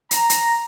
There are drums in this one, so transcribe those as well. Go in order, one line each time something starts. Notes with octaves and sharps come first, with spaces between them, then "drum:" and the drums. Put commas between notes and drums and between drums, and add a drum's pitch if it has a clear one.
A#5, drum: hi-hat
drum: hi-hat